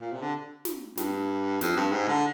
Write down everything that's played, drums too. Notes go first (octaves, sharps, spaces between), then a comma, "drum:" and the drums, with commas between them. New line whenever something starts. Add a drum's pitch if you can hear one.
A#2
C3
D3
drum: snare
G2, drum: snare
F2, drum: snare
G2
G#2
D3